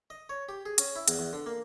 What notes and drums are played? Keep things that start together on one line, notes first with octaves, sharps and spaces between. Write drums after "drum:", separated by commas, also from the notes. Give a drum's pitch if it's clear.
D#5
C#5
G4
G#4
C#4, drum: hi-hat
E4
E2, drum: hi-hat
E2
D3
A#3